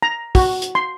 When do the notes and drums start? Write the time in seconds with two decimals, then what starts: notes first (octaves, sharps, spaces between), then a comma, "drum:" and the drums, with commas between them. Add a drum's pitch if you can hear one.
0.03 A#5
0.35 F#4, drum: kick, open hi-hat
0.62 drum: hi-hat
0.75 C6